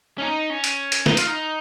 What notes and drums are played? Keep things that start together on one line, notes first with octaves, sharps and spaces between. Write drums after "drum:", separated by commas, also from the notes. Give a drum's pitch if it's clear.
C#4
D#4
C#4
drum: hi-hat
drum: hi-hat
D#4, drum: snare
F4, drum: hi-hat
D#4